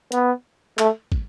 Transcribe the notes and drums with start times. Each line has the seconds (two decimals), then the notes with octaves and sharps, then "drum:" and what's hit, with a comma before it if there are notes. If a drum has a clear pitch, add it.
0.12 B3, drum: hi-hat
0.79 A3, drum: clap
1.12 drum: kick